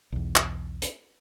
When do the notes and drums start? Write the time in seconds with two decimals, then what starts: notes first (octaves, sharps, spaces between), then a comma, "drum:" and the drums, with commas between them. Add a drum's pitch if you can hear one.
0.12 B1 E2
0.36 drum: clap
0.82 drum: hi-hat